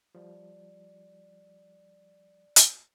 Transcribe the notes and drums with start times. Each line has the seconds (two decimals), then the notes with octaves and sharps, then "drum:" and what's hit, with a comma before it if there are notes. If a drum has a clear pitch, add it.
0.15 F3 G3 D5
2.56 drum: hi-hat